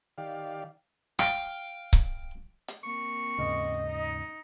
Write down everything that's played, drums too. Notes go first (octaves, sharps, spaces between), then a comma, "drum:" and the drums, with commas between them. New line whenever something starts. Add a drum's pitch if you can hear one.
D#3 G4 D5 F5
F5 G5, drum: rim click
drum: kick C#1
drum: hi-hat
A#3 C4 C#6
D#2 G#2 C#3 D#5
D#4